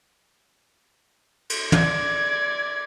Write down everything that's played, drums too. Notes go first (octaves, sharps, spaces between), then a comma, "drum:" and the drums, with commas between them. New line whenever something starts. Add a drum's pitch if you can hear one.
drum: cymbal
D5 G#6, drum: tom